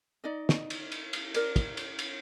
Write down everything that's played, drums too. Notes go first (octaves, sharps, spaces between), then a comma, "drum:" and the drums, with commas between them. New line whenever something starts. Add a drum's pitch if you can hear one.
D#4 D5 D#5
drum: snare
drum: cymbal
drum: cymbal
drum: cymbal
A#4 D5, drum: cymbal
drum: kick, cymbal
drum: cymbal
drum: cymbal